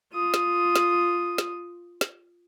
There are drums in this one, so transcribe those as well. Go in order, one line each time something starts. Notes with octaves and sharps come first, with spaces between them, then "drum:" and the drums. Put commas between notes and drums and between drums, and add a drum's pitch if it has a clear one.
F4 D#6
drum: snare
drum: snare
drum: snare
drum: snare